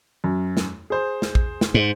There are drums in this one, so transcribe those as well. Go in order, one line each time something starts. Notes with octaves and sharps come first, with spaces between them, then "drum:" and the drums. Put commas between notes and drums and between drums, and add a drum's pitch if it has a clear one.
F#2
drum: snare
G#4 C5
drum: snare
drum: kick
drum: snare
G#2